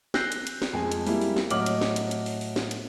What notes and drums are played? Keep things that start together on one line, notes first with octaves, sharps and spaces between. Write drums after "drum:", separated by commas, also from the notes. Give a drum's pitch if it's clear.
E6 F#6 G6 A#6 C7, drum: snare
drum: hi-hat
drum: hi-hat
drum: snare
F2 G#3 G#5
drum: hi-hat
G3 A#3 E4, drum: open hi-hat
drum: open hi-hat
drum: snare
A2 F#3 D#5 D6 F6 F#7, drum: hi-hat
drum: hi-hat
drum: snare
drum: hi-hat
drum: hi-hat
drum: open hi-hat
drum: open hi-hat
drum: snare
drum: hi-hat